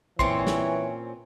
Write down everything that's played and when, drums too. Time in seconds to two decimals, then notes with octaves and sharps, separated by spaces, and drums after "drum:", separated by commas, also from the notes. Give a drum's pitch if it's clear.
0.19 A#2 E3 C4 C#4 C#5 C6, drum: kick A#1
0.47 drum: snare